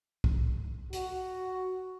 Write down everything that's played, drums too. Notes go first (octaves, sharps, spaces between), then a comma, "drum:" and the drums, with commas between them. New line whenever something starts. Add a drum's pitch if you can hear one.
drum: kick B1
F#4, drum: hi-hat